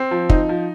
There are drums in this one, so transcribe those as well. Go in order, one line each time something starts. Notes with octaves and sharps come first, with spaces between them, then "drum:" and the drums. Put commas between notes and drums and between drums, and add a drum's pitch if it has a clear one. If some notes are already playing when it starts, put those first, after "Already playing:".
Already playing: C4
F3
D#4, drum: kick
F3